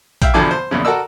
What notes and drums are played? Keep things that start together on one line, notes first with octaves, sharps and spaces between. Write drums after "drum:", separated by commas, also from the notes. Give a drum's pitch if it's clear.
E5 F5 G5, drum: kick A#1, hi-hat
E2 B2 D3 F3 G#5 D6
C5
A#1 E2 C#3
F#4 A4 A#4 D5 E6